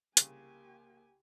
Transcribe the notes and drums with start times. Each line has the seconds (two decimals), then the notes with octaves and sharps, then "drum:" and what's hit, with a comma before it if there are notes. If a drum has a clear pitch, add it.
0.17 C2 C#3 A#3 G4 G#5, drum: hi-hat